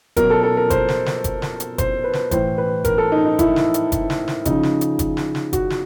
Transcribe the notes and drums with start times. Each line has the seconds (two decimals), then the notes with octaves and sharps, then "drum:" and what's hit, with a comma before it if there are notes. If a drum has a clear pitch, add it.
0.17 B2 F#3 A#4, drum: kick F#1, hi-hat
0.30 A4
0.43 A4
0.57 A#4
0.70 C5, drum: kick F#1, hi-hat
0.89 drum: snare
1.06 drum: snare
1.24 drum: kick F#1, hi-hat
1.42 drum: snare
1.60 drum: hi-hat
1.78 C5, drum: kick F#1, hi-hat
2.04 B4
2.13 drum: snare
2.31 A2 E3 C5, drum: kick F#1, hi-hat
2.58 B4
2.84 A#4, drum: kick F#1, hi-hat
2.98 A4
3.12 D#4
3.25 D#4
3.39 E4, drum: kick F#1, hi-hat
3.56 drum: snare
3.74 drum: hi-hat
3.92 drum: kick F#1, hi-hat
4.10 drum: snare
4.28 drum: snare
4.45 C#3 F3 D#4, drum: kick F#1, hi-hat
4.63 drum: snare
4.81 drum: hi-hat
4.99 drum: kick F#1, hi-hat
5.17 drum: snare
5.35 drum: snare
5.53 F#4, drum: kick F#1, hi-hat
5.70 drum: snare